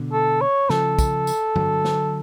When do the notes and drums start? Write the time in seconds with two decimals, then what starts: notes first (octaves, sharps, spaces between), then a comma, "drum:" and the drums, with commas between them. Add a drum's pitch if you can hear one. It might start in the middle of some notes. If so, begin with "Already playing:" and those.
Already playing: B2 D3
0.13 A4
0.41 C#5
0.70 C#3 F3 A4, drum: snare
0.99 drum: kick, tambourine
1.27 drum: tambourine
1.56 D3 F#3, drum: tom G2
1.85 drum: snare